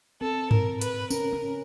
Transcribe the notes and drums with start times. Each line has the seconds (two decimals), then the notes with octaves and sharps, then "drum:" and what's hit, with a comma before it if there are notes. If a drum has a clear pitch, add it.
0.21 C4 A4
0.51 A#4, drum: tom G2
0.81 B4, drum: hi-hat
1.10 C#4 A#4, drum: tambourine
1.33 C#4